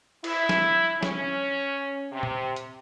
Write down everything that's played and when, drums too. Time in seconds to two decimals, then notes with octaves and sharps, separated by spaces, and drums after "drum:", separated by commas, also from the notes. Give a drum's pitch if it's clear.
0.24 E4, drum: cymbal
0.49 drum: snare
1.03 C#4, drum: snare
2.12 C3
2.23 drum: tom
2.56 drum: hi-hat